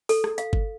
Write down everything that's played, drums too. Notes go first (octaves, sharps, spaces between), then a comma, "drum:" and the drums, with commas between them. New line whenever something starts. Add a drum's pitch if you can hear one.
A4, drum: open hi-hat
drum: rim click
F5, drum: hi-hat
drum: kick G1